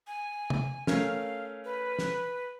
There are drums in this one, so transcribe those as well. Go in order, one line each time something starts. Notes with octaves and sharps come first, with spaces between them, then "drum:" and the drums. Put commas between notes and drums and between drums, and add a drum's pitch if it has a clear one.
G#5
drum: tom
A3 C#4 A#4 F5, drum: snare
B4
drum: snare